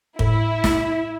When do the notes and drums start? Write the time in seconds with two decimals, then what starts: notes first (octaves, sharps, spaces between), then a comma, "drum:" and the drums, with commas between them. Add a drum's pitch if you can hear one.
0.19 A2 E4, drum: kick
0.64 drum: snare